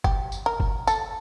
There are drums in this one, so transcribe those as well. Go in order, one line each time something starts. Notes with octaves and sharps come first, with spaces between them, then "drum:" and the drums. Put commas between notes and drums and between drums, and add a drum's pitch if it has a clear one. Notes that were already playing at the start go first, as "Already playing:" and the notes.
G4, drum: kick F#1
drum: tambourine
A#4
drum: kick F#1
A4, drum: tambourine